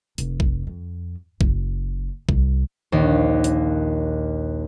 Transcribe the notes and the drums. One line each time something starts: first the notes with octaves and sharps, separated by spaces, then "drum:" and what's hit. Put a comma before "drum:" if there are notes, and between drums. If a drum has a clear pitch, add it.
F1, drum: hi-hat
drum: kick A#1
F2
F#1, drum: kick A#1
C2, drum: kick A#1
A#1 D#2
drum: hi-hat